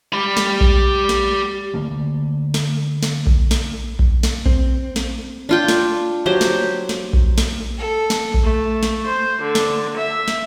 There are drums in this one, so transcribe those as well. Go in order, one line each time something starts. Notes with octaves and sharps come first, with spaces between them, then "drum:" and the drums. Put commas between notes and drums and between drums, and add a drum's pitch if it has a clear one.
G4 B5
drum: snare
drum: kick A#1
drum: snare
D3 A3 A#3
drum: snare
drum: snare
drum: kick A#1
drum: snare
drum: kick A#1
drum: snare
C4, drum: kick A#1
drum: snare
D4 F4 G5
drum: snare
F#3 G4 C5
drum: snare
drum: snare
drum: kick A#1
drum: snare
A4
drum: snare
drum: kick A#1
A3
drum: snare
C5
D3
drum: snare
E5
drum: snare